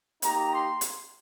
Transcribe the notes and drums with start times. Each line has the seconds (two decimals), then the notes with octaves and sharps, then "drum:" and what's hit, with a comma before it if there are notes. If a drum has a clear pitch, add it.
0.22 A#3 D#4 G4 A#5, drum: hi-hat
0.52 C6
0.81 drum: hi-hat